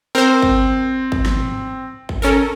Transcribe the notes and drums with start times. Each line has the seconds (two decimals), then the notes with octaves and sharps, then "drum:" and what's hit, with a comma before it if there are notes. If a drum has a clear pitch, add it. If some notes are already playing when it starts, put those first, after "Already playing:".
0.15 C4 A#4 C5
0.42 drum: kick G#1
1.12 drum: kick G#1
1.26 drum: snare
1.40 drum: tom
2.09 drum: kick G#1
2.22 C#4 A4 A#4